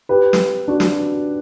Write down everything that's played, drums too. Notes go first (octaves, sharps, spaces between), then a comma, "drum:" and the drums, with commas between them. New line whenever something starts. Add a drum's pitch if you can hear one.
G4 B4
drum: snare
D4 F#4
F#4, drum: snare